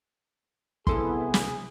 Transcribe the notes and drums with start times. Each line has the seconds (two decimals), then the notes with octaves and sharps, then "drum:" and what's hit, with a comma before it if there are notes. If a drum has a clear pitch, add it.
0.87 C2 B3 E4 G#4 A4 C6, drum: kick
1.34 drum: snare